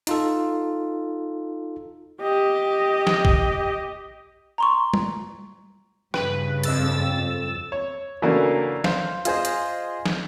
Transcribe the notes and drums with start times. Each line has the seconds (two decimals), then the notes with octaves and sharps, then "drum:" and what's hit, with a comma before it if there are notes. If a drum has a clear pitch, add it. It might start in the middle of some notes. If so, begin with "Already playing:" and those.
0.07 D#4 F4 A4, drum: hi-hat
2.21 G4 D#5
3.07 drum: snare
3.25 drum: kick
4.58 A#5 C6 C#6
4.94 drum: tom G3
6.14 G2 C#3 B4, drum: rim click
6.64 F2 E6 A6, drum: hi-hat
7.72 C#5
8.22 C#3 E3 F#3 A3 A#3 D4
8.84 C5 F5, drum: snare
9.25 F4 G#4 C5 D#5, drum: hi-hat
9.45 drum: hi-hat
10.06 drum: snare